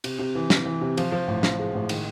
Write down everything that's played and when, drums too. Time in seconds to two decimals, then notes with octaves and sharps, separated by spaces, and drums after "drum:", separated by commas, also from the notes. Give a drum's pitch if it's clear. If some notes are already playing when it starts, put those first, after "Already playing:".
0.04 C3, drum: cymbal
0.19 C3
0.35 E3
0.50 E3, drum: snare
0.65 E3
0.81 C3
0.97 F3, drum: cymbal
1.12 F3
1.28 A1
1.43 F3, drum: snare
1.59 G#3
1.74 A1
1.89 D#3, drum: cymbal